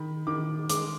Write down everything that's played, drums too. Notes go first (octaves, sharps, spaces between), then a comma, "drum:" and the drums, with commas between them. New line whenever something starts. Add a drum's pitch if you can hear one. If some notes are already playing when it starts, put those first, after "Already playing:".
Already playing: D#3 B5
D#3 D6
G#3 D6, drum: hi-hat